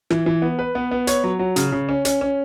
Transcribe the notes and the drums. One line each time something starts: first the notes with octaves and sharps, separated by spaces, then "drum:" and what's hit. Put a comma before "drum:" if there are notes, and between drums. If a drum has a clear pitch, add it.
E3, drum: rim click
E3
B3
B4
B3
B3
C#5, drum: hi-hat
F#3
F#3
C#3, drum: hi-hat
C#3
C#4
C#4, drum: hi-hat
C#4